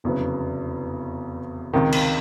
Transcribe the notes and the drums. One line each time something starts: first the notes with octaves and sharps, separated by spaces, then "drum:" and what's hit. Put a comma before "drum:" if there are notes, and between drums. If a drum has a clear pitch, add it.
F1 E2 C#3 F#3 B3
C#2 C3 D#3
drum: cymbal